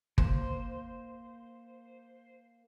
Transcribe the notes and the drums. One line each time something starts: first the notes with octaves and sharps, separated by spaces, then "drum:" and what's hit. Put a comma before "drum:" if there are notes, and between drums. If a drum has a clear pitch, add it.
A#3 C5, drum: kick